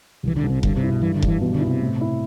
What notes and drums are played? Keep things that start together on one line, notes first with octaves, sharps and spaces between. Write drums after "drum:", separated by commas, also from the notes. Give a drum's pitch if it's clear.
C2 E3
D3
C2
C3
G2 D3, drum: kick F1
C3
E4
B2
G2 E3
D3
G2, drum: kick F1
E3
B2 E3
D3
E4
C3
A2
E4